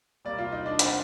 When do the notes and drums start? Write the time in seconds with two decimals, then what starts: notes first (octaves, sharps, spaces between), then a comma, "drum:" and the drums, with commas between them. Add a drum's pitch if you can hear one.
0.25 C3 G3 A#3 D5
0.38 F4
0.52 D#4
0.66 D4
0.79 C4, drum: hi-hat